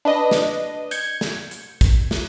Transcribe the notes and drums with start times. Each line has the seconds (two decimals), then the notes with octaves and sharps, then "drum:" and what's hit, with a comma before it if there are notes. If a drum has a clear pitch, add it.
0.05 D4 B4 D#5
0.31 drum: snare
0.91 G6 G#6 C#7, drum: hi-hat
1.21 drum: snare
1.51 drum: hi-hat
1.81 drum: kick, hi-hat
2.11 drum: snare